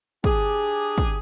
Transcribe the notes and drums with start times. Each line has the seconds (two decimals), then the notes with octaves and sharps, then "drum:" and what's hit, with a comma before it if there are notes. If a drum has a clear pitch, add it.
0.24 D4 G4 G#4, drum: kick
0.98 drum: kick